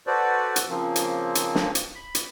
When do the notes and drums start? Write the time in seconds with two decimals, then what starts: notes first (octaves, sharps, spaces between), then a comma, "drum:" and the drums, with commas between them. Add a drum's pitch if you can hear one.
0.07 F#4 A4 B4 C5 D5
0.56 drum: hi-hat
0.69 C#3 F3 A#3 C4
0.96 drum: hi-hat
1.35 drum: hi-hat
1.55 drum: snare
1.75 drum: hi-hat
1.95 B5
2.15 drum: hi-hat